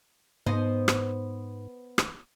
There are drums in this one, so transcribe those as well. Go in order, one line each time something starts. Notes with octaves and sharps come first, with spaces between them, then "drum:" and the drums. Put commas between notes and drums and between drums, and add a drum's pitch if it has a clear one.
G#2 B3 C5 D#5
drum: rim click
drum: rim click